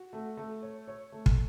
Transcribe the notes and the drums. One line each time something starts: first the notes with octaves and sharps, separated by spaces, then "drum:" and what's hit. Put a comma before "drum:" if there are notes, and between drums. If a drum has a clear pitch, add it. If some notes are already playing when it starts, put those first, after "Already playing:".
Already playing: F#4
A3
A3
C#5
C#5
A3
drum: kick